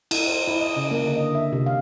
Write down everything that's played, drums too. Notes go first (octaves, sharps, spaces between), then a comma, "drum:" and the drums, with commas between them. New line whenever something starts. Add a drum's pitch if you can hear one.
E4, drum: cymbal
C5
E4
D#5
C#3
A#3
D3
D#5
E5
C3
F5